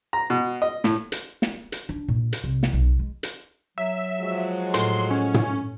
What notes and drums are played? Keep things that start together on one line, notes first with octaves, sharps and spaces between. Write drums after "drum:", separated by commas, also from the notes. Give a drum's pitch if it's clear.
A#5
B2
D#5
A2, drum: snare
drum: hi-hat
drum: snare
drum: hi-hat
D4
A#2
drum: hi-hat
C2
drum: snare
B1
G#3
drum: hi-hat
F#3 E5
F3 G#3 F#4
A2 C6, drum: hi-hat
C#4
drum: tom